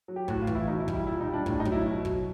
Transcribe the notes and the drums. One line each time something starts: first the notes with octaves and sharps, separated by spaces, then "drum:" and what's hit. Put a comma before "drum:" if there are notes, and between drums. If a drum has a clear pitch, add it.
F#3
G4
A2 F#4, drum: kick
F4
E3, drum: kick
E4
B2 D#4
E4
G3, drum: kick
E4
A#2 E4
D#4
G3
D4
A2 D4, drum: kick
D#4
F#3, drum: kick
E4
B2
F#3, drum: kick